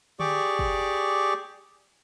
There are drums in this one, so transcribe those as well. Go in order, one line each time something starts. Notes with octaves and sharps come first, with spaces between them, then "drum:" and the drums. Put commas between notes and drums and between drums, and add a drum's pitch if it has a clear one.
G4 G#4 D5 C#6 D6, drum: tom D3
drum: kick